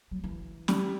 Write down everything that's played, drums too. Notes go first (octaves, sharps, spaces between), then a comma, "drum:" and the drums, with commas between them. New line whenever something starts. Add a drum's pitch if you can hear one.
F#3
E3
G3, drum: snare